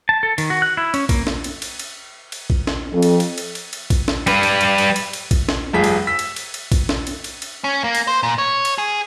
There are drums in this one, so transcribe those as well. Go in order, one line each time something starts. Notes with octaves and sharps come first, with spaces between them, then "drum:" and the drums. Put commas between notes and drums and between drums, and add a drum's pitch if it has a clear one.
A5
A4
D#3, drum: cymbal
F#4
F#6
E4
C#4, drum: cymbal
A#3, drum: kick A#1, cymbal
drum: snare
drum: cymbal
drum: cymbal
drum: cymbal
drum: cymbal
drum: kick A#1
drum: snare
F2
drum: cymbal
drum: cymbal
drum: cymbal
drum: cymbal
drum: cymbal
drum: kick A#1, cymbal
drum: snare
G3 B4, drum: cymbal
drum: cymbal
drum: cymbal
drum: cymbal
drum: cymbal
drum: cymbal
drum: kick A#1, cymbal
drum: snare
F1 G2 F3 G#4 B6
drum: cymbal
E6 B6
drum: cymbal
drum: cymbal
drum: cymbal
drum: kick A#1, cymbal
drum: snare
drum: cymbal
drum: cymbal
drum: cymbal
C#4
A#3
drum: cymbal
C5
A#2
C#5
drum: cymbal
G#4